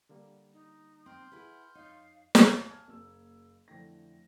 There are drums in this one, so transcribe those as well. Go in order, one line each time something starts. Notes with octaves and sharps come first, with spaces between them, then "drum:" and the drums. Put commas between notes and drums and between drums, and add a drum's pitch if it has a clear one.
D3 G3 A#3
D#4
C4 C6 F6 G6
E4 G#4 B4 F#5
F2 D#4 C#5 F5
drum: snare
G#5 A5 F6 G#6
F#1 A#3 E6
F2 D3 E3 A3 G5 A#6